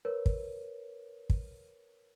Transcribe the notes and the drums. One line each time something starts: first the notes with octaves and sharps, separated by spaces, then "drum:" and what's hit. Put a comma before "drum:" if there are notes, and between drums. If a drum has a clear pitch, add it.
A#4 B4 C#5
drum: kick
drum: kick